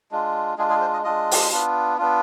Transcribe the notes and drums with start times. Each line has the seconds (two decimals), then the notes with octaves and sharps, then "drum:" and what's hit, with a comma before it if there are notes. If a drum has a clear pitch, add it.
0.12 G#3 D4 F4
0.58 G#3 D4 F4 G#4
0.70 G#4
0.81 C5
0.93 D#5
1.04 G#3 D4 F4 D#5
1.31 drum: open hi-hat
1.51 B3 D4 F4
1.98 B3 D4 F4